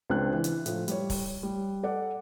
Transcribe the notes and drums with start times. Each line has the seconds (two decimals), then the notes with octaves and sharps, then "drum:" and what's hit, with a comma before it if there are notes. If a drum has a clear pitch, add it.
0.10 C#2 C4 D4 F#6
0.33 E3
0.44 drum: hi-hat
0.66 A2 F3, drum: hi-hat
0.88 G3 C#5, drum: hi-hat
1.10 drum: kick, open hi-hat
1.43 G3
1.83 A4 D5 F#5